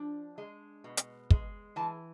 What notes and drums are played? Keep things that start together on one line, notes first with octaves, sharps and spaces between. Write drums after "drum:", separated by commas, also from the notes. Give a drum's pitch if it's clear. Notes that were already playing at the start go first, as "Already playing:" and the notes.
Already playing: F3 D4
G#3
B2
drum: hi-hat
G#3, drum: kick
E3 A5